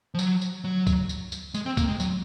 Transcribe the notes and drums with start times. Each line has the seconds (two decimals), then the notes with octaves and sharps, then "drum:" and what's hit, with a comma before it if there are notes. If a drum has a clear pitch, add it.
0.14 F3
0.19 F#3, drum: tambourine
0.41 drum: tambourine
0.64 F#3
0.87 drum: kick C#2, tambourine
1.09 drum: tambourine
1.32 drum: tambourine
1.54 G#3, drum: tambourine
1.66 C4
1.77 A#3, drum: kick C#2, tambourine
1.88 G#3
2.00 F#3, drum: tambourine